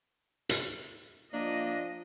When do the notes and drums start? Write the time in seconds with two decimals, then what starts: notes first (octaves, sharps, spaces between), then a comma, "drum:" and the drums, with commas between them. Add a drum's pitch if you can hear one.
0.49 drum: hi-hat
1.33 F3 A#3 D4 D#5